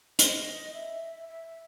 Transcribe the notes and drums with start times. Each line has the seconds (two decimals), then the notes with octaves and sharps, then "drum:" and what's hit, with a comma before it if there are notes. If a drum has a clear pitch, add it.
0.19 D#5, drum: hi-hat
0.74 E5
1.29 E5